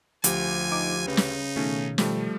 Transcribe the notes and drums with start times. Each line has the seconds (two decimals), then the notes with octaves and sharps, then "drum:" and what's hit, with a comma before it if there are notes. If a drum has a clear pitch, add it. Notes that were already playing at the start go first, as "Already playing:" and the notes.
0.24 D2 F3 G4 G#5, drum: hi-hat
0.71 D#4 D6
1.08 C#3 D#4 B4
1.17 drum: snare
1.56 B2 D#3 A3 C#4
1.98 F3 G3 A3, drum: snare